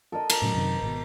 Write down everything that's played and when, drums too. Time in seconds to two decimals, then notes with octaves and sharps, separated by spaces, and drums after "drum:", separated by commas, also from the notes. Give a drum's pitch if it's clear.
0.12 A4 A#4 D#5
0.30 A#4, drum: cymbal
0.42 A2 C#3 F#3
0.55 F#2 C3 D#3
0.82 G#1 B2